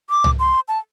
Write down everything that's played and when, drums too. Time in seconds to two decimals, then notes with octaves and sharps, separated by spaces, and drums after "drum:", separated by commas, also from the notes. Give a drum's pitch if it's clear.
0.10 D6
0.24 drum: tom C2
0.39 C6
0.68 A5